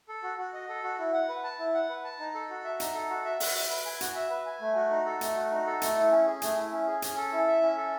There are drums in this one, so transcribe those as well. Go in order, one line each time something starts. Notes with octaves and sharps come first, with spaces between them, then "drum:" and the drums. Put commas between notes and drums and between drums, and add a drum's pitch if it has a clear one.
A4
F#4
F#4
D#5
A4
F#4
E4
F#5
B4
A5
E4
F#5
B4
A5
D#4
A4
F#4
E5
D#4, drum: hi-hat
A4
F#4
E5
F#4, drum: open hi-hat
E5
B4
G#5
F#4, drum: hi-hat
E5
B4
G#5
A3
F#4
D#4
A4
A3, drum: hi-hat
F#4
D#4
A4
A3, drum: hi-hat
E4
C#4
G#4
A3, drum: hi-hat
E4
C#4
G#4
C#4, drum: hi-hat
A4
E4
E5
C#4
A4